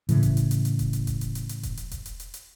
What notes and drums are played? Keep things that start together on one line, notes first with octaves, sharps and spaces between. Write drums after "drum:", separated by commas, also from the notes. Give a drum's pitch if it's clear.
A2 C#3 E3, drum: hi-hat
drum: kick E1, hi-hat
drum: hi-hat
drum: hi-hat
drum: hi-hat
drum: kick E1, hi-hat
drum: hi-hat
drum: kick E1, hi-hat
drum: hi-hat
drum: hi-hat
drum: hi-hat
drum: kick E1, hi-hat
drum: hi-hat
drum: kick E1, hi-hat
drum: hi-hat
drum: hi-hat
drum: hi-hat